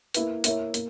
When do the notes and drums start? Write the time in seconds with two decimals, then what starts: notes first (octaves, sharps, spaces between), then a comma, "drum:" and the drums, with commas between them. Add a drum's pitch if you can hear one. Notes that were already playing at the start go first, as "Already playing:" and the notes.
0.14 A#3 E4 B4, drum: hi-hat
0.44 A#3 E4 A#4 C#5 E5, drum: hi-hat
0.74 A#3, drum: hi-hat